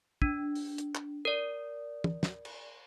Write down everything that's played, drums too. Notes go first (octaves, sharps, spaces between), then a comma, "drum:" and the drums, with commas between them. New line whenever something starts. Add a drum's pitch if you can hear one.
D4, drum: kick
drum: open hi-hat
drum: hi-hat
drum: clap
A#4 D5
drum: tom
drum: snare
drum: cymbal